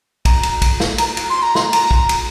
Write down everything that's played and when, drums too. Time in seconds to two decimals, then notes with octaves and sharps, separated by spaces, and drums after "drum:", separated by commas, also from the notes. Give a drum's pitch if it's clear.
0.25 A#5, drum: kick, cymbal
0.43 drum: cymbal
0.62 drum: kick, cymbal
0.80 drum: snare
0.98 A#5, drum: cymbal
1.17 drum: cymbal
1.30 C6
1.42 A#5
1.55 C6, drum: snare
1.73 A#5, drum: cymbal
1.91 drum: kick
2.09 drum: cymbal